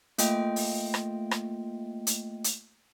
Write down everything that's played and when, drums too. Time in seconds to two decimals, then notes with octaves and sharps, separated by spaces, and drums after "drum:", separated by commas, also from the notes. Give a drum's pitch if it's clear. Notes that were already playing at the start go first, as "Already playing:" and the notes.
0.18 A3 A#3 F4 D#5 G5, drum: hi-hat
0.56 drum: open hi-hat
0.94 drum: rim click
1.31 drum: rim click
2.07 drum: hi-hat
2.44 drum: hi-hat